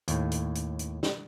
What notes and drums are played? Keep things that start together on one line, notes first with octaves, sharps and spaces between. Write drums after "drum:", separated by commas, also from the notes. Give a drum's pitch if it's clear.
D#2 A2, drum: hi-hat
drum: hi-hat
drum: hi-hat
drum: hi-hat
drum: snare